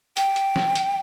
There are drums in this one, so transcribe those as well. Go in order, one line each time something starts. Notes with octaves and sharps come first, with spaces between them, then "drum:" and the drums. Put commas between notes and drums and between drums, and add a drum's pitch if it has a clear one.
G5, drum: hi-hat
drum: hi-hat
drum: snare
drum: hi-hat